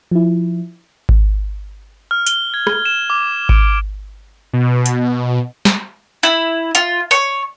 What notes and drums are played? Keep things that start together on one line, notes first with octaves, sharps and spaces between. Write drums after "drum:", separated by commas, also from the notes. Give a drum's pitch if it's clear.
F3 E4
drum: kick G#1
F6
G7, drum: hi-hat
G#6
drum: rim click
E7
D6
D7, drum: kick G#1
B2
drum: hi-hat
drum: snare
E4
F4, drum: hi-hat
C#5